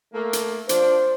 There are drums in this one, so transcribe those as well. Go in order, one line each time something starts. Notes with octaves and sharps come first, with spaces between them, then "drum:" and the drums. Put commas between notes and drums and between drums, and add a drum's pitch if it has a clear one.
A3 A#3
drum: hi-hat
F3 D4 C5, drum: hi-hat